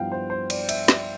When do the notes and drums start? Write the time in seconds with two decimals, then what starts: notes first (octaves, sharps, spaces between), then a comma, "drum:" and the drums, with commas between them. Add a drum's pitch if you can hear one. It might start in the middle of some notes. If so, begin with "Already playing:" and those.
Already playing: G2 F3 B3 E4 F5 G5
0.12 C5
0.30 C5
0.50 D5, drum: cymbal
0.69 E5, drum: cymbal
0.88 D5, drum: snare